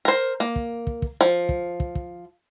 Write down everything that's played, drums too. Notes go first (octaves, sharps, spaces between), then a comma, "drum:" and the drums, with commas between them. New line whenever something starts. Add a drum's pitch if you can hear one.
A#4 C5
A#3
drum: kick
drum: kick
drum: kick
F3
drum: kick
drum: kick
drum: kick